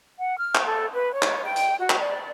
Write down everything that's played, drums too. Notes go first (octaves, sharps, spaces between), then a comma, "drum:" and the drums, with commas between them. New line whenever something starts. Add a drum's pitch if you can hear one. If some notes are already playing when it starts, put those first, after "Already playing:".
F#5
F6
drum: clap
A4
B4
C#5
drum: clap
G5
drum: hi-hat
F#4
drum: clap
D5